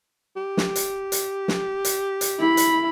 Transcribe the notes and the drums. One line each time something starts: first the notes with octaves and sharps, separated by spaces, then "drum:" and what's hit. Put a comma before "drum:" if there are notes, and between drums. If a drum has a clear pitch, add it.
G4
drum: snare
drum: hi-hat
drum: hi-hat
drum: snare
drum: hi-hat
drum: hi-hat
E4 B5
drum: hi-hat